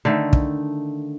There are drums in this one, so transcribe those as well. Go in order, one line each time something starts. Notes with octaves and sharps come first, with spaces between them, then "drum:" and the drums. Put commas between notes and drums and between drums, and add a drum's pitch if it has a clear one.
D3 D#3 A3
drum: kick